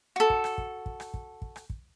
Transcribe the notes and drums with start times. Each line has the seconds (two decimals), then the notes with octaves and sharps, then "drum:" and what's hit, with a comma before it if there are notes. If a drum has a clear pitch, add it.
0.16 F#4 A4
0.30 drum: kick
0.44 drum: rim click
0.58 drum: kick
0.86 drum: kick
1.00 drum: rim click
1.14 drum: kick
1.42 drum: kick
1.56 drum: rim click
1.70 drum: kick